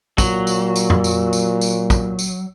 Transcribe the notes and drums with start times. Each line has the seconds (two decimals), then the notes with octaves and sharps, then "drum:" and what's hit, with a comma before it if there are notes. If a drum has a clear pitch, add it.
0.18 A#2 F#3, drum: kick, tambourine
0.47 drum: tambourine
0.76 drum: tambourine
0.90 drum: tom F2
1.04 drum: tambourine
1.33 drum: tambourine
1.61 drum: tambourine
1.90 drum: kick, tambourine
2.19 drum: tambourine